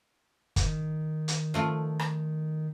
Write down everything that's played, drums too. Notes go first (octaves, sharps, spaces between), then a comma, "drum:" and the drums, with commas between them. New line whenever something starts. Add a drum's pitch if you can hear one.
D#3, drum: kick, hi-hat
drum: hi-hat
F3 A3 F4
drum: rim click